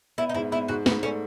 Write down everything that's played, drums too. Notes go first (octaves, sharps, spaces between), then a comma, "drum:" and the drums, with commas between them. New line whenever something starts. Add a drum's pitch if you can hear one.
B3 E4
D#4
G#2 E4
B3 E4
G#2 F#4
G#2 B3, drum: snare
A3 C#4